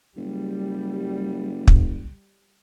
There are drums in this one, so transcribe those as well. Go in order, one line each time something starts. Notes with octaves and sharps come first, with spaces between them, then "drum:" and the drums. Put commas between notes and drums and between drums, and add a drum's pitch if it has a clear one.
F#1 G3
drum: kick